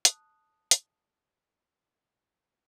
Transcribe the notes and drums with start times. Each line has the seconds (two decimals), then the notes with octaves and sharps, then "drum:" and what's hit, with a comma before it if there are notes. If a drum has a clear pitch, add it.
0.05 A5 D#6 F#6, drum: hi-hat
0.71 drum: hi-hat